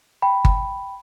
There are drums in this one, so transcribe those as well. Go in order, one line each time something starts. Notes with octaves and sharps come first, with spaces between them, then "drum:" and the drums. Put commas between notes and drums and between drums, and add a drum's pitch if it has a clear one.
G5 B5
drum: kick G1